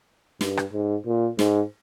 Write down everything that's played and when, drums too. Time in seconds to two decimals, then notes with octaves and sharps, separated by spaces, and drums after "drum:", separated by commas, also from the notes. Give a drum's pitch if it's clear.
0.41 G2, drum: snare
0.57 drum: rim click
0.73 G#2
1.06 A#2
1.39 G#2, drum: snare